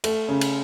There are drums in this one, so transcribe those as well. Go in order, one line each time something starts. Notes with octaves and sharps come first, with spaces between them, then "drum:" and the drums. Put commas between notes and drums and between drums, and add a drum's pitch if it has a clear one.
A3, drum: cymbal
C#3
drum: cymbal